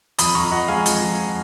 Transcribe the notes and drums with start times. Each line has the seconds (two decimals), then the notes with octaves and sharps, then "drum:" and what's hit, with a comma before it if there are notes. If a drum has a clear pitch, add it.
0.18 F2 B5 D#6, drum: hi-hat
0.35 F2 A#5 C#6
0.51 F3 D#5 F#5
0.68 G#3 F5 G#5
0.86 F2, drum: hi-hat
1.03 F3